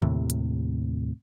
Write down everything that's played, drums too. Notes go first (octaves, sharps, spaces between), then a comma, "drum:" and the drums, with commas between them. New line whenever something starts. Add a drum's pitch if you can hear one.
D#2 A2 C3, drum: tom D3
drum: hi-hat